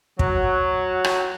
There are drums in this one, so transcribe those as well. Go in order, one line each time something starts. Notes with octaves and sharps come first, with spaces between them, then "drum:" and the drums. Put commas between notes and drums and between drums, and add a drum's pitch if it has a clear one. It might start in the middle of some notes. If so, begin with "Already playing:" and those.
F#3, drum: kick
drum: rim click